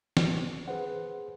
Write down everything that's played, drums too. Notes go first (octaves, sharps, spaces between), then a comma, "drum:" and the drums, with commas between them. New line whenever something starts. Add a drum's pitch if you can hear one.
C2 B3, drum: snare
G#4 B4 C5 F#5